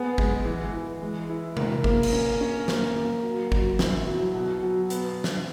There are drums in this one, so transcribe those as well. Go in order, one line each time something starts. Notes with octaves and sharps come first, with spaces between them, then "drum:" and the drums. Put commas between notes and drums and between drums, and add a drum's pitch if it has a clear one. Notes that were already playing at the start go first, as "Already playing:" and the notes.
Already playing: B3 G#4
G#3, drum: kick G#1
E3
E3
G#3
E4
A#4, drum: tom C3
A#3, drum: kick G#1
drum: cymbal
C#4
C#4
A#3, drum: snare
A#3
F#3
F#3, drum: kick G#1
E4, drum: snare
F#3
B2
F#3
B3, drum: hi-hat
drum: snare